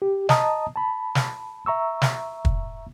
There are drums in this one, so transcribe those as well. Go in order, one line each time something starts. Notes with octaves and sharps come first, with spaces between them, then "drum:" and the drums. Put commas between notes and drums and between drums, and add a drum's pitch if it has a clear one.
G4
D#5 A5 A#5 D#6, drum: snare
A5 B5
drum: snare
E5 A#5 C#6 E6
drum: snare
drum: kick